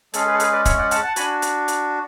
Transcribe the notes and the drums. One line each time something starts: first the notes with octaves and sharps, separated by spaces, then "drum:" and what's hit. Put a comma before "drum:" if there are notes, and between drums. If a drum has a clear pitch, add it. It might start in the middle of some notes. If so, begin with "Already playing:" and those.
G#3 C#4 G#4 A4, drum: hi-hat
G#4 B4
A4
G#4 B4, drum: hi-hat
B4 D5
C#5 E5, drum: kick, hi-hat
D5 F#5
F#5 A5, drum: hi-hat
F#5 A5
D4 F#4 G#5 B5, drum: hi-hat
drum: hi-hat
drum: hi-hat